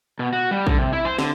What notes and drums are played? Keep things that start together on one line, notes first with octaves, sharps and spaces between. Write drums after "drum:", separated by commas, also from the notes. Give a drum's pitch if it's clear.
B2
F#4
G3
D3, drum: kick
C3
E4
C5
D3, drum: snare